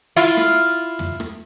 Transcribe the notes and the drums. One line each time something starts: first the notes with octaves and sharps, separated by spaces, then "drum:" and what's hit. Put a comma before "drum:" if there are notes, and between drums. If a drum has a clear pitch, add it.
E4 F4
drum: rim click
drum: tom
drum: rim click